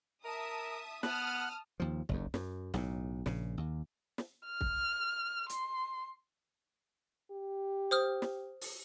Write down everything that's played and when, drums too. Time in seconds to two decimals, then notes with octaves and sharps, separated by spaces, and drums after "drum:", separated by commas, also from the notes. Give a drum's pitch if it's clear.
0.24 A#4 E5 A5 D#6
1.03 B3 F#5 A5 D#6 F6, drum: snare
1.80 D#2 F3
2.09 F#1 D#2, drum: kick
2.34 F#2, drum: snare
2.74 B1 A2, drum: snare
3.26 A#1 C#3, drum: snare
3.57 D#2
4.18 drum: snare
4.47 F6
4.61 drum: kick
5.49 C6, drum: hi-hat
7.31 G4
7.91 C5 D#6 F6
8.22 drum: snare
8.61 drum: open hi-hat